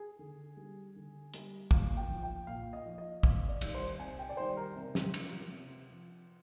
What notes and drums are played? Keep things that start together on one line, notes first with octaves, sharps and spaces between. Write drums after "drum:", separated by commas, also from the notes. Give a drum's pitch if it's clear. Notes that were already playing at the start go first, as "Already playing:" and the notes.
Already playing: G#4
D3
G3
D3
G3, drum: hi-hat
A#2 F5, drum: kick
G5
F3
G5
A#2 F5
D#5
F3
D#5
C3 F5, drum: kick
D5
D#3 G3, drum: cymbal
C5
C3 G#5
G5
D5
D#3 G3 C5
A#4
C3
drum: snare
F3, drum: cymbal
C3
F3